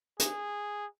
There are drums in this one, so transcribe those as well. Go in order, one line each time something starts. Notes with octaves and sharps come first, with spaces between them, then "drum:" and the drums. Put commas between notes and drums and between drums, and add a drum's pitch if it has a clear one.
G#4, drum: hi-hat